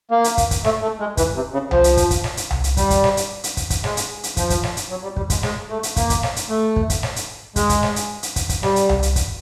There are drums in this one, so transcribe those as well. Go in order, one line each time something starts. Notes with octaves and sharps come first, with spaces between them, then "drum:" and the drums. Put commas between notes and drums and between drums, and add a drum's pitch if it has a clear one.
A#3
drum: hi-hat
drum: kick, hi-hat
drum: kick, hi-hat
A3, drum: snare
A3
G#3
E3, drum: kick, hi-hat
C3
C#3
F3, drum: tom C2
drum: hi-hat
drum: kick, hi-hat
drum: kick, hi-hat
drum: snare
drum: hi-hat
drum: tom C2
drum: hi-hat
G3, drum: kick, hi-hat
drum: kick, hi-hat
drum: snare
drum: hi-hat
drum: hi-hat
drum: kick, hi-hat
drum: kick, hi-hat
G#3, drum: snare
drum: hi-hat
drum: hi-hat
F3, drum: kick, hi-hat
drum: kick, hi-hat
drum: snare
drum: hi-hat
F#3
G3
G3, drum: kick
G#3, drum: kick, hi-hat
G#3, drum: snare
A3
drum: hi-hat
A#3, drum: kick, hi-hat
drum: kick, hi-hat
drum: snare
drum: hi-hat
A3
drum: kick
drum: kick, hi-hat
drum: snare
drum: hi-hat
G#3, drum: kick, hi-hat
drum: kick, hi-hat
drum: snare
drum: hi-hat
drum: hi-hat
drum: kick, hi-hat
drum: kick, hi-hat
G3, drum: snare
drum: hi-hat
drum: tom C2
drum: hi-hat
drum: kick, hi-hat